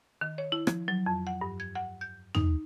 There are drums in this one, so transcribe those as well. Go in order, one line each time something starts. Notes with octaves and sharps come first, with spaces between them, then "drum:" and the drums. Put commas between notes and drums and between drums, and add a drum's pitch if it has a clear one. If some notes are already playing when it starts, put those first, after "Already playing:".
D#3
C#5
E4
F3, drum: rim click
F#3
F2
F#5
G2
G#6
F#5
G6
D#4, drum: tom